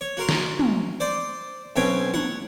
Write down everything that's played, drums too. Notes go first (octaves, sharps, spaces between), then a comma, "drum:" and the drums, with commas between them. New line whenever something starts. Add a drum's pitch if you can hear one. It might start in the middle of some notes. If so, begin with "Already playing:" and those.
C#5
F#4 A#4 C6
drum: snare
drum: tom
C5 D5
B1 B2 C4 C#4 G5 G#5
C#5 F#5, drum: tom